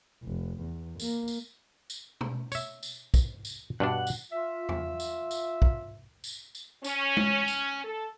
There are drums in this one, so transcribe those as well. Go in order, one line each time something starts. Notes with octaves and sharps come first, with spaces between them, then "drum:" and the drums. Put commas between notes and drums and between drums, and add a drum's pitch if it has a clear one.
F1
E2
A#3, drum: tambourine
drum: tambourine
drum: tambourine
drum: tom B2
C#5 E5, drum: tambourine
drum: tambourine
drum: kick, tambourine
drum: tambourine
G2 B2 D4 F#5
drum: tambourine
F4 E5
drum: tom E2
drum: tambourine
drum: tambourine
drum: kick
drum: tambourine
drum: tambourine
C#4, drum: tambourine
drum: tom G#3
drum: tambourine
A4